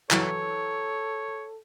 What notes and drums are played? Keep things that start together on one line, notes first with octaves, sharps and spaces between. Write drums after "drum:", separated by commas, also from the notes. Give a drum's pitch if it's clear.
E3 F#3 A4 C#5, drum: clap